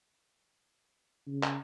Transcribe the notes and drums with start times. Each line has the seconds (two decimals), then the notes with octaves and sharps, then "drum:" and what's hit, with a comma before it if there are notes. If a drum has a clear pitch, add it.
1.27 C#3
1.43 drum: clap